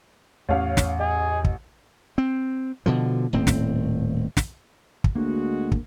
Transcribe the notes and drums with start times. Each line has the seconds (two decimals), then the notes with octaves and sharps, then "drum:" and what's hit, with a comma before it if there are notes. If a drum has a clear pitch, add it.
0.49 A1 E2 A#3 C#4 C#5 F5
0.77 drum: snare
0.99 G#4 D#5
1.44 drum: kick
2.18 C4
2.86 B2 D3 F3
3.33 D#1 A2 C4
3.47 drum: snare
4.37 drum: snare
5.04 drum: kick
5.15 D2 G#3 A#3 F#4
5.72 drum: kick